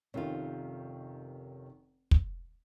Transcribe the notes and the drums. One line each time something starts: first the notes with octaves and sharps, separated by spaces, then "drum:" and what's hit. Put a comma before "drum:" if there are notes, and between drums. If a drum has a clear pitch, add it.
F1 C3 D#3 C#4 F4
drum: kick